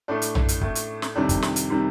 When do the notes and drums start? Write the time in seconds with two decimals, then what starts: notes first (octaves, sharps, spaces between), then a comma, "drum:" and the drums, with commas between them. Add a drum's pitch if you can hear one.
0.08 A2 A3 D4
0.22 drum: hi-hat
0.35 drum: tom A#1
0.49 drum: hi-hat
0.61 A2 A3, drum: kick
0.75 drum: hi-hat
1.02 drum: snare
1.15 F2 C3 D#3 G3 D4
1.29 drum: kick, hi-hat
1.42 drum: snare
1.56 drum: hi-hat
1.70 C3 D#3 G3